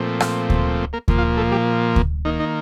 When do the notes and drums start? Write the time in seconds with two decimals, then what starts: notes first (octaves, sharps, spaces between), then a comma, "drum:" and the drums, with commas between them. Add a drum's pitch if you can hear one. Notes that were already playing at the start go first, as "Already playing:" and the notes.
Already playing: A#2 F3 A3 C4
0.20 drum: rim click
0.50 drum: kick D2
0.93 A#3 A#4
1.08 A#2 F3 A#3, drum: kick D2
1.18 F4 F5
1.37 A3 A4
1.51 G3 G4
1.96 drum: kick D2
2.25 D#3 A#3 D#4
2.40 D#4